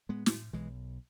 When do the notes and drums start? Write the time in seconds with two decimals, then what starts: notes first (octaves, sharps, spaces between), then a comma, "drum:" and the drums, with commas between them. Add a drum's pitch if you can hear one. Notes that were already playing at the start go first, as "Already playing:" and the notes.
0.09 A2 G#3 B3
0.26 drum: snare
0.53 B1 E3 G#3